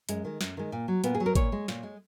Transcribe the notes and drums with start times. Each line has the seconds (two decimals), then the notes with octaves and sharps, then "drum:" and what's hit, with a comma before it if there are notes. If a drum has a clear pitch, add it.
0.09 F#2 G#3, drum: hi-hat
0.25 D#3 G#3
0.41 F#2, drum: snare
0.57 D#3 G#3
0.72 A#2
0.88 F#3
1.04 A#2 B3, drum: hi-hat
1.15 G#4
1.20 F#3
1.26 A#4
1.35 A#2 C#5, drum: kick G#1, hi-hat
1.52 G#3
1.68 A#2, drum: snare
1.83 G#3